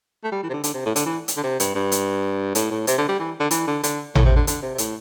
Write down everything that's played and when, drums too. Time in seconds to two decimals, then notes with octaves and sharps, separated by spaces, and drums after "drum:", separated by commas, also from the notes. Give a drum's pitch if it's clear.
0.24 A3
0.32 G3
0.43 E3
0.50 C3
0.53 D3
0.64 D3, drum: hi-hat
0.74 C3
0.86 A2
0.96 D3, drum: hi-hat
1.06 E3
1.28 drum: hi-hat
1.37 D3
1.44 C3
1.60 G2, drum: hi-hat
1.75 G2
1.92 drum: hi-hat
2.55 A2, drum: hi-hat
2.71 A2
2.87 C3, drum: hi-hat
2.98 D3
3.09 G3
3.20 E3
3.40 D3
3.51 E3, drum: hi-hat
3.67 D3
3.83 D3, drum: hi-hat
4.15 A2, drum: tom A1
4.25 C3
4.36 D3
4.47 D3, drum: hi-hat
4.63 C3
4.75 C3
4.78 A2, drum: hi-hat